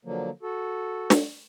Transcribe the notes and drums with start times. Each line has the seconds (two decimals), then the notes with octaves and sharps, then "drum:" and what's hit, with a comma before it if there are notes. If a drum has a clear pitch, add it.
0.05 D3 F3 F#3 A#3
0.43 F#4 A4
1.10 drum: snare